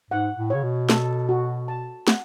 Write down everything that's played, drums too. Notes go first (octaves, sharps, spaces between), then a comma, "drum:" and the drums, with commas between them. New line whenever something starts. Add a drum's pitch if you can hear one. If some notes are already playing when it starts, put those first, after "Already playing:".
G#2 F#5
A2
C#3 C#5
B2
A4, drum: snare
F#4
A5
F#5, drum: snare